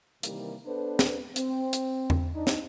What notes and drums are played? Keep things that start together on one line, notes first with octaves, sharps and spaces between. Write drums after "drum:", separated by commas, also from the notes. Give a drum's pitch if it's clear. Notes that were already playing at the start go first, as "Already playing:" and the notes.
C3 D#3 E3 G3 A#3, drum: hi-hat
B3 D4 A4 B4 C5
drum: snare
C4, drum: hi-hat
drum: hi-hat
drum: tom E2
D4 D#4
drum: snare